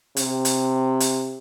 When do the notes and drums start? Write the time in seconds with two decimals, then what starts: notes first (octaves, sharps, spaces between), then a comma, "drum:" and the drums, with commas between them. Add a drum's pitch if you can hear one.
0.17 C3, drum: hi-hat
0.45 drum: hi-hat
1.00 drum: hi-hat